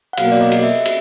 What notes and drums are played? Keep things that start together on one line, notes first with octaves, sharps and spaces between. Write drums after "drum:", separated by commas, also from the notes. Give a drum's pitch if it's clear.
F#5
B2 F#3 A#3 F5, drum: cymbal
D5
D#5
drum: cymbal
E5
drum: cymbal